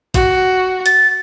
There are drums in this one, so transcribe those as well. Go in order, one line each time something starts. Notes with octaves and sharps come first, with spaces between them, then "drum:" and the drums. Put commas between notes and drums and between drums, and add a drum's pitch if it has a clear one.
F#4, drum: kick A1, hi-hat
A6, drum: hi-hat